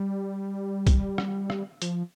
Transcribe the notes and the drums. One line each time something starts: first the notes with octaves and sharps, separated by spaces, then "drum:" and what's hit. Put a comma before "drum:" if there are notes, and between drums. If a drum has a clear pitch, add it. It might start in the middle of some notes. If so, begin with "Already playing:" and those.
Already playing: G3
drum: kick, hi-hat
drum: rim click
drum: rim click
F3, drum: hi-hat